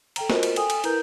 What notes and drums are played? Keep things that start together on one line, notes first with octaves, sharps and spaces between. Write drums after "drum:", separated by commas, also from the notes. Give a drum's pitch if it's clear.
A4 G5 A#5, drum: cymbal
F4 F#4 A#4 C5 D#5, drum: snare
drum: cymbal
A4 G5 G#5 D#6, drum: cymbal
drum: cymbal
E4 A#4 B4 A#5 G6, drum: cymbal